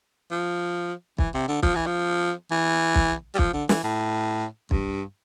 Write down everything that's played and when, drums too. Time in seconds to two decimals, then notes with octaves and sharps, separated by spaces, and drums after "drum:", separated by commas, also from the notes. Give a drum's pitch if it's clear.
0.31 F3
1.18 E3, drum: kick
1.34 C3
1.48 D3
1.63 F3, drum: kick
1.75 E3
1.86 F3
2.51 E3
2.95 drum: kick
3.35 G3
3.39 F3, drum: kick
3.53 D3
3.69 E3, drum: snare
3.83 A2
4.71 G2, drum: kick